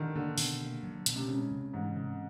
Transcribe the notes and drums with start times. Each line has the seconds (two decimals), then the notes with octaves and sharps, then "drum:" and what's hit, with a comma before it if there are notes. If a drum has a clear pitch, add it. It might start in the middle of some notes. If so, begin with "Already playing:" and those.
Already playing: D3 D#3
0.15 D3 A#3
0.38 B2, drum: open hi-hat
0.61 A#3
0.83 F#3
1.06 B2, drum: hi-hat
1.16 C3
1.28 C#3 G#3
1.51 C3
1.73 G#2 E3
1.96 C3